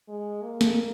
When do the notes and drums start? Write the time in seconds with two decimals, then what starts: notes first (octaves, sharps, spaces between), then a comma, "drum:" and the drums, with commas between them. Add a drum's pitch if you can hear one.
0.09 G#3
0.43 A#3
0.61 drum: snare